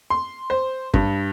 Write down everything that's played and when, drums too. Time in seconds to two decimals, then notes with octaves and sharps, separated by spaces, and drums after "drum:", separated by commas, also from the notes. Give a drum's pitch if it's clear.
0.10 C6
0.50 C5
0.94 G2, drum: kick